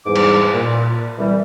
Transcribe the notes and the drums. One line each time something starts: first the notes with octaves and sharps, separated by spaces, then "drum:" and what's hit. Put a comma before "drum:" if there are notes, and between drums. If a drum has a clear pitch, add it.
E2 G#2 G3 D6
drum: cymbal
A#2
C2 E3 G3